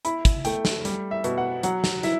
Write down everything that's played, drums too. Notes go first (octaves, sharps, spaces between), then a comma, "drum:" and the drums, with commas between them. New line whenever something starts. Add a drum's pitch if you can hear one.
E4 B5, drum: hi-hat
drum: kick, hi-hat
A3 G5, drum: hi-hat
drum: snare
G3, drum: hi-hat
E5
B2, drum: hi-hat
F#5
F#3 F#5, drum: hi-hat
drum: snare
E4 E5, drum: hi-hat